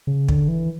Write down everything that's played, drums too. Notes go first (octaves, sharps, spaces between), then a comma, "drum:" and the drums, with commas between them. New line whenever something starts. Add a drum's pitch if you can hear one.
C#3
D3, drum: kick
E3